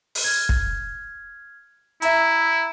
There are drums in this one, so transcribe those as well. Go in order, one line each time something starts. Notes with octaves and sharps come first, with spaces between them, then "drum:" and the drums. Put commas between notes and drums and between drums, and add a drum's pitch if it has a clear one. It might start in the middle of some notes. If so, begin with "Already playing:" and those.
drum: open hi-hat
F6 G#6
drum: kick
E4 E5 A#5, drum: hi-hat